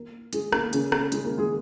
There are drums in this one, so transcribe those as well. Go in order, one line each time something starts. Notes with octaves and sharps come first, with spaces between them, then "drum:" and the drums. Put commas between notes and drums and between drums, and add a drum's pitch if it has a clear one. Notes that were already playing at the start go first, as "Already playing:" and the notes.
Already playing: A#3 A#4
G#3 G#4, drum: hi-hat
A#3, drum: rim click
C#3 C#4, drum: hi-hat
drum: rim click
G#3, drum: hi-hat
A#3
G#3 G#4